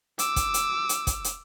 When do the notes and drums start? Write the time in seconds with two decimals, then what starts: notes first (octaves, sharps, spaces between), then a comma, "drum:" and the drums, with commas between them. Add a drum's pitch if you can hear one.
0.19 D6 E6, drum: hi-hat
0.36 drum: kick, hi-hat
0.54 drum: hi-hat
0.89 drum: hi-hat
1.07 drum: kick, hi-hat
1.24 drum: hi-hat